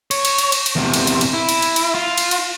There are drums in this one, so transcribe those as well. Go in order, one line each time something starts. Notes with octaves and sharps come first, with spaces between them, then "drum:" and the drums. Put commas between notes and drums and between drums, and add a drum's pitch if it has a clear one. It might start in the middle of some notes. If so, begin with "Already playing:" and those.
C#5, drum: cymbal
drum: cymbal
drum: cymbal
drum: cymbal
drum: cymbal
E2 C3
drum: cymbal
drum: cymbal
drum: cymbal
E4
drum: cymbal
drum: cymbal
drum: cymbal
F4
drum: cymbal
drum: cymbal